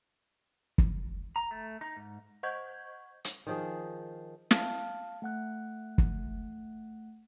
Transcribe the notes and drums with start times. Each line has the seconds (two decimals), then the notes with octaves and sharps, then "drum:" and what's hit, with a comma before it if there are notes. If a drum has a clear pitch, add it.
0.78 drum: kick
1.36 A#5
1.51 A3
1.81 D#4
1.97 G#2
2.43 C5 D#5 F#5 C#6 G6 G#6
3.25 drum: hi-hat
3.47 D#3 F3 G#4
4.51 F5 A5 F6, drum: snare
5.22 A3 F#5 F#6
5.98 drum: kick